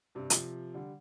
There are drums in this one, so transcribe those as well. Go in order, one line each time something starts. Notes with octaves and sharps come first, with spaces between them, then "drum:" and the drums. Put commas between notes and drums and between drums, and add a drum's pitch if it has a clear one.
G2 C3
C3 F3, drum: hi-hat
D3 G3